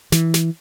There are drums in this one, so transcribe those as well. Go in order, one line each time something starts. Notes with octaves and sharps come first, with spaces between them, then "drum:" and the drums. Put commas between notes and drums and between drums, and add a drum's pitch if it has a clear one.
E3, drum: snare
drum: snare